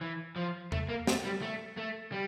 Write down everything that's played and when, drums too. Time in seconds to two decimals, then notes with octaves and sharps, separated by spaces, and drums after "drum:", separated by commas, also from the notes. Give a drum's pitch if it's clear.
0.01 E3
0.36 F3
0.72 A3, drum: tom E2
0.89 A#3
1.07 A3, drum: snare
1.24 G3
1.42 A3
1.77 A3
2.12 G3